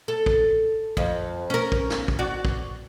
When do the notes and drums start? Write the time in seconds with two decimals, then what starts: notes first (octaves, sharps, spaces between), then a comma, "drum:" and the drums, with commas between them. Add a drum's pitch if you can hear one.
0.08 A4
0.26 drum: kick
0.97 F2, drum: kick
1.50 C#4 A#4
1.72 drum: kick
1.90 drum: snare
2.08 drum: kick
2.19 F#4 D5
2.45 drum: kick